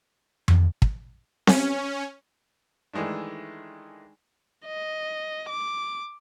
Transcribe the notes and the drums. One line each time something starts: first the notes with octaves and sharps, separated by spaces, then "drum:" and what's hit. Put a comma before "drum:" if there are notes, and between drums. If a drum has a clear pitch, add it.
drum: tom F2
drum: kick
C#4, drum: snare C4
D#3 E3 G#3 A3 D4
D#5
D6